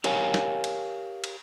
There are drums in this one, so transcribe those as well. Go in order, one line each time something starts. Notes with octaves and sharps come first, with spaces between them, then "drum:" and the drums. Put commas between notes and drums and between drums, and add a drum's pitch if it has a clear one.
G4 A#4 C#5 F5 G#5, drum: cymbal
drum: snare
drum: cymbal
drum: cymbal